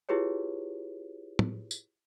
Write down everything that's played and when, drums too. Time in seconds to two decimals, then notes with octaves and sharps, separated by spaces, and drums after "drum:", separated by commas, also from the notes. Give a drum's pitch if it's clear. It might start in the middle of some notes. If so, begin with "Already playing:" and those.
0.09 E4 F4 G4 G#4 B4 C#5
1.39 drum: tom
1.71 drum: tambourine